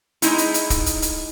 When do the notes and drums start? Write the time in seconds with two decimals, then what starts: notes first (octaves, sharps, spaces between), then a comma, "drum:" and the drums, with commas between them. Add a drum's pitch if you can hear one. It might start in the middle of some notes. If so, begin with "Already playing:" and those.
0.22 G#3 D#4 E4, drum: hi-hat
0.38 drum: hi-hat
0.54 drum: hi-hat
0.70 drum: kick, hi-hat
0.86 drum: hi-hat
1.02 drum: hi-hat